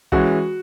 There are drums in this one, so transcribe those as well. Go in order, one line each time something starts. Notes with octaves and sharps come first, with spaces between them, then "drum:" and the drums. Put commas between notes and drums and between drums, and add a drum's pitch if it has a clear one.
E3 G#3 C#4 F#4, drum: kick